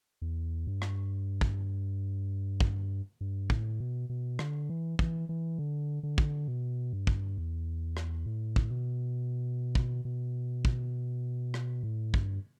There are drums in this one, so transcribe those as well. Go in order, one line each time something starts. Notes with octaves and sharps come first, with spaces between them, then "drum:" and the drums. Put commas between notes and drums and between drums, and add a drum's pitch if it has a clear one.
E2
G2
drum: rim click
drum: kick
drum: kick
G2
A2, drum: kick
B2
B2
D3, drum: rim click
E3
E3, drum: kick
E3
D3
D3
drum: kick
B2
G2
drum: kick
E2
drum: rim click
A2
drum: kick
B2
drum: kick
B2
drum: kick
drum: rim click
A2
G2, drum: kick